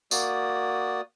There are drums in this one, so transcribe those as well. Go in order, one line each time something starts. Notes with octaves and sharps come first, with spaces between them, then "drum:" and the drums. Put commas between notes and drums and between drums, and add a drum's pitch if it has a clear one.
A#3 F#4 D5 D#6, drum: tambourine